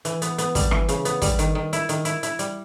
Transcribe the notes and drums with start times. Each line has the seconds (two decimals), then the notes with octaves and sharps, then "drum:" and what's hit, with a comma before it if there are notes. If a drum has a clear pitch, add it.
0.05 E3, drum: hi-hat
0.22 B3, drum: hi-hat
0.38 B3, drum: hi-hat
0.55 G3, drum: kick, open hi-hat
0.71 E3, drum: rim click
0.89 C#3, drum: hi-hat
1.05 B3, drum: hi-hat
1.22 G3, drum: kick, open hi-hat
1.39 D#3, drum: hi-hat
1.55 D#3
1.73 E4, drum: hi-hat
1.89 D#3, drum: hi-hat
2.05 E4, drum: hi-hat
2.23 E4, drum: hi-hat
2.39 G3, drum: hi-hat